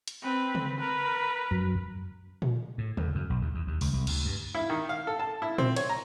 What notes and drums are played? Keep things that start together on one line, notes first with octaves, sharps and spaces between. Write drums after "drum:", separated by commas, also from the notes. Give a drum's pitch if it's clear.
drum: hi-hat
C4 B4
drum: tom C#3
A#4 B4
F#2
drum: tom A#2
A2
E2, drum: tom C#3
F#2
B1
D#2
E2
D#2
C#2, drum: open hi-hat
C2
D2, drum: cymbal
G2
E4
D#3
F5
A4
A5
E4
C4, drum: tom A#2
C#5, drum: cymbal
A#5